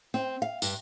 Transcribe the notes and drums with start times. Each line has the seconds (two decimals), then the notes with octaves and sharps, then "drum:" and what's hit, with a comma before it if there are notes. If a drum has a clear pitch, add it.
0.14 C4
0.42 F5
0.62 G2, drum: tambourine